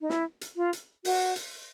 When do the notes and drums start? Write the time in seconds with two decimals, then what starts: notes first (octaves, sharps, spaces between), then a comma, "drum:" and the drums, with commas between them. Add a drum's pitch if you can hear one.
0.01 D#4
0.10 E4, drum: snare
0.41 drum: hi-hat
0.56 F4
0.73 drum: hi-hat
1.05 F#4, drum: open hi-hat
1.36 drum: hi-hat